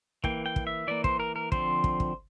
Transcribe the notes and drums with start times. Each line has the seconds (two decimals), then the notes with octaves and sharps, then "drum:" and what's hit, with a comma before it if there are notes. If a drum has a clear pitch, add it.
0.24 E3 A#3 G5, drum: kick
0.46 G5
0.56 drum: kick
0.67 E5
0.88 E3 A#3 D5
1.04 C5, drum: kick
1.20 A#4
1.36 A#4
1.52 D3 F3 C4 C5, drum: kick
1.84 drum: kick
2.00 drum: kick